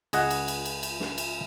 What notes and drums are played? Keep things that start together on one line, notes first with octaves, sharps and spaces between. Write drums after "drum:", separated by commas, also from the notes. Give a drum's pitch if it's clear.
C#2 G#4 D#5 F#5, drum: cymbal
drum: cymbal
drum: cymbal
drum: cymbal
drum: cymbal
drum: snare
drum: cymbal